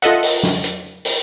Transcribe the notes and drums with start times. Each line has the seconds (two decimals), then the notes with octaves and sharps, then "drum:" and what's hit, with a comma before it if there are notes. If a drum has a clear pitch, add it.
0.02 F4 A4 D#5 E5 F#5, drum: hi-hat
0.23 drum: open hi-hat
0.43 drum: snare
0.64 drum: hi-hat
1.05 drum: open hi-hat